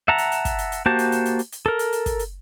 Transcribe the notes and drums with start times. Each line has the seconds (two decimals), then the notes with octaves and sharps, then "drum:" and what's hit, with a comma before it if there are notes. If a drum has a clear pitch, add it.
0.08 E5 F#5 A5 A#5
0.18 drum: hi-hat
0.32 drum: hi-hat
0.45 drum: kick, hi-hat
0.58 drum: hi-hat
0.72 drum: hi-hat
0.86 A#3 F#4 G4 C5 A5
0.99 drum: hi-hat
1.12 drum: hi-hat
1.25 drum: hi-hat
1.39 drum: hi-hat
1.52 drum: hi-hat
1.66 A4 A#4
1.79 drum: hi-hat
1.93 drum: hi-hat
2.06 drum: kick, hi-hat
2.19 drum: hi-hat